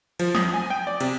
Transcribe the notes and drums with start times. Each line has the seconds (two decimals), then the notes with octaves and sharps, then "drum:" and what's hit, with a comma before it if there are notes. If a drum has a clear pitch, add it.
0.19 F3, drum: cymbal
0.35 D#6, drum: snare
0.54 G#5
0.70 G5
0.87 D5
1.00 C3, drum: cymbal